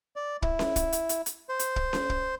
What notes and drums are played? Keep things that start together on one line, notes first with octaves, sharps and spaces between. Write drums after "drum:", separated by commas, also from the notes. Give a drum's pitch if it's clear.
D5
E4, drum: kick
drum: snare C#4
drum: kick, hi-hat
drum: hi-hat
drum: hi-hat
drum: hi-hat
C5
drum: hi-hat
drum: kick
drum: snare C#4
drum: kick